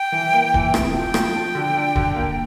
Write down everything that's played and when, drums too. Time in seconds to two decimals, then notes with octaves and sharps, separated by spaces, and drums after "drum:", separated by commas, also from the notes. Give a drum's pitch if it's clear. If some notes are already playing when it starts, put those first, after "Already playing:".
Already playing: G5
0.12 E3
0.33 A#3
0.54 E3, drum: kick D#1
0.74 C3, drum: rim click
0.94 F3 G5
1.14 F3, drum: rim click
1.36 F3
1.55 D3
1.76 D4
1.96 D3, drum: kick D#1
2.16 A#3